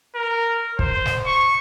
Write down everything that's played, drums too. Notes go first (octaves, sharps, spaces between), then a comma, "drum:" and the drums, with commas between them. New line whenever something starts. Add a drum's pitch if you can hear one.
A#4
C5, drum: kick
drum: snare
C#6